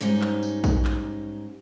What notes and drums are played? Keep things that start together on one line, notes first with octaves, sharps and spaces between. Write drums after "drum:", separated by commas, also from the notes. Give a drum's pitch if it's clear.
G#2 G3 C#4 D#4
drum: clap
drum: tambourine
drum: kick, tambourine
drum: clap